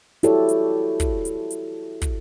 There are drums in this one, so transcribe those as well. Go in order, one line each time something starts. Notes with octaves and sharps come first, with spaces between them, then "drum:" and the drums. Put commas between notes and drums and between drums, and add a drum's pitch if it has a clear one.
E4 F#4 G4 A4 C#5 D5, drum: hi-hat
drum: hi-hat
drum: kick, hi-hat
drum: hi-hat
drum: hi-hat
drum: kick, hi-hat